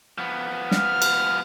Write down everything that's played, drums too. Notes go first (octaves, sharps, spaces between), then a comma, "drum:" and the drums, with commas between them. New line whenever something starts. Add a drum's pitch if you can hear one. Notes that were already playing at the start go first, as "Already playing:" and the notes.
F3 B3
F6, drum: snare
drum: cymbal